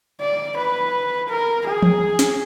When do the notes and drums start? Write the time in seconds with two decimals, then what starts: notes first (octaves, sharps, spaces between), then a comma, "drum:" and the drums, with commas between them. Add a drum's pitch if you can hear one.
0.20 D5
0.57 B4
1.29 A#4
1.67 G#4
1.82 drum: tom E3
2.19 drum: snare